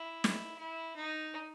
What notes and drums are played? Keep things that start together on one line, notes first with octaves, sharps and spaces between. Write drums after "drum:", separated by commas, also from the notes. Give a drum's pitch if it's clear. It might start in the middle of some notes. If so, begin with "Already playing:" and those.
Already playing: E4
drum: snare
E4
D#4